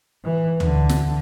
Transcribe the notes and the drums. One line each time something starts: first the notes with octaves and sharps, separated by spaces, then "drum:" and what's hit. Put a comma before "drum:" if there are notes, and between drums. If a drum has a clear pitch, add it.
E3
D3, drum: tom D2
drum: snare